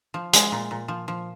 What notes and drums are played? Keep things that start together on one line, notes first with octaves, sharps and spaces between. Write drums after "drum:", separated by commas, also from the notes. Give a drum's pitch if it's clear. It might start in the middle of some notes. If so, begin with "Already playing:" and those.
F3
G#3, drum: hi-hat
A#2
A#2
F3
F3